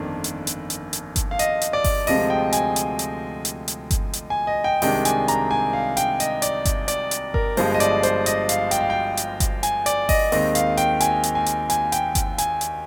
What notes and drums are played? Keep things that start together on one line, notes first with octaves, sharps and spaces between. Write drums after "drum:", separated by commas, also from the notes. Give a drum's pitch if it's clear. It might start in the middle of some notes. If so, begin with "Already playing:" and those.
Already playing: G1 F2 D#3 A#3 D4
drum: hi-hat
drum: hi-hat
drum: hi-hat
drum: hi-hat
drum: kick G1, hi-hat
F5
D#5, drum: hi-hat
drum: hi-hat
D5
drum: kick G1, open hi-hat
D2 C3 F3 G#3 D#5, drum: open hi-hat
G5
G#5, drum: hi-hat
drum: hi-hat
drum: hi-hat
drum: hi-hat
drum: hi-hat
drum: kick G1, hi-hat
drum: hi-hat
G#5
D#5
G5
C2 C3 D#3 G#3 D4 G5, drum: open hi-hat
G#5, drum: hi-hat
A#5, drum: hi-hat
G#5
F5
G5, drum: hi-hat
D#5, drum: hi-hat
D5, drum: hi-hat
drum: kick G1, hi-hat
D5, drum: hi-hat
drum: hi-hat
A#4, drum: kick G1
G1 G2 F3 G#3 C5, drum: open hi-hat
D#5
D5, drum: hi-hat
C5, drum: hi-hat
D#5, drum: hi-hat
F5, drum: hi-hat
G5, drum: hi-hat
F5
G5
drum: hi-hat
drum: kick G1, hi-hat
G#5, drum: hi-hat
D5, drum: hi-hat
D#5, drum: kick G1, open hi-hat
D#2 D#3 G#3 C4 D#5, drum: open hi-hat
F5, drum: hi-hat
G5, drum: hi-hat
G#5, drum: hi-hat
drum: hi-hat
G#5
drum: hi-hat
G#5, drum: hi-hat
G5, drum: hi-hat
drum: kick G1, hi-hat
G#5, drum: hi-hat
drum: hi-hat